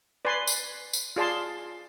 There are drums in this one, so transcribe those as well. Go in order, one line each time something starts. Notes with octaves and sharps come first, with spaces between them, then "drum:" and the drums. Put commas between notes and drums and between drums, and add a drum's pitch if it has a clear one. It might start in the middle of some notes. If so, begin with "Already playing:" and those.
B4 D5 G#5 C6
drum: tambourine
drum: tambourine
F4 G#4 D5 A5 C6